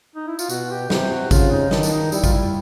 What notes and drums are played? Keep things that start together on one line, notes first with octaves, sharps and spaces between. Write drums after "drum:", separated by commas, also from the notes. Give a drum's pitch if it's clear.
D#4
E4
F4, drum: tambourine
B2 F#4, drum: tambourine
G4
C3 G4, drum: snare
F#4
C#3 F4, drum: kick G#1, tambourine
D#4
D#3 D4, drum: snare
D4, drum: tambourine
D#4
G3 E4, drum: tambourine
F4, drum: kick G#1, tambourine
E4